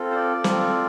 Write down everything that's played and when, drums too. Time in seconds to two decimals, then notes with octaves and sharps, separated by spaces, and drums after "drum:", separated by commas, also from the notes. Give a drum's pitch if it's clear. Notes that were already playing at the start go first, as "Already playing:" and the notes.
Already playing: C4 F4 A4
0.11 C5
0.15 D5
0.44 C4 F4 A4, drum: snare